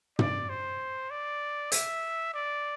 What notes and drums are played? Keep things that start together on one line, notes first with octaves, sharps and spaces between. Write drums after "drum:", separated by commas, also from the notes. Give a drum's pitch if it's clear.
D5, drum: tom
C5
D5
E5, drum: hi-hat
D5